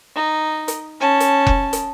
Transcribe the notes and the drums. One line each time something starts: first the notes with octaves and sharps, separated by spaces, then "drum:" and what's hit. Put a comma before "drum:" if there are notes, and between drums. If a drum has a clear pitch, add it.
D#4
drum: hi-hat
C#4 A5
drum: hi-hat
drum: kick F1
drum: hi-hat